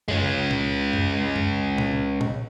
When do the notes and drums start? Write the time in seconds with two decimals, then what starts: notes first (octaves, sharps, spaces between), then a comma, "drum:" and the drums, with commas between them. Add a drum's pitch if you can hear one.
0.08 G#3 C#4, drum: tom F#2
0.51 drum: tom A#2
0.93 drum: tom F#2
1.36 drum: tom F#2
1.78 drum: tom A#2
2.21 drum: tom A#2